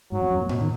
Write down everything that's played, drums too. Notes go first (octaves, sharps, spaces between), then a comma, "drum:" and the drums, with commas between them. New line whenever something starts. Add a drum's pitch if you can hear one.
G#2 F#3
F2
F#2
A#2
B2, drum: tom A2
D#3